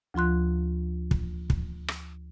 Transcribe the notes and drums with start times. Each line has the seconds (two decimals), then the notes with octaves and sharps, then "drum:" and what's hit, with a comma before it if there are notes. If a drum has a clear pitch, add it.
0.14 D2 F3 F4 C6 F#6
1.11 drum: kick
1.50 drum: kick
1.88 drum: rim click